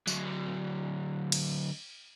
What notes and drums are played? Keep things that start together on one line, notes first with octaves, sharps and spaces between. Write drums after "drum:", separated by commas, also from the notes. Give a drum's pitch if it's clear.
D3 F#3, drum: tambourine
drum: cymbal